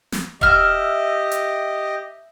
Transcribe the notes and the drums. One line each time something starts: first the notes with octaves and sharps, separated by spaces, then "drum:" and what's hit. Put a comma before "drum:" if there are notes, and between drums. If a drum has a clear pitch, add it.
drum: snare
G4 D#5 E5 F6, drum: kick E1
drum: hi-hat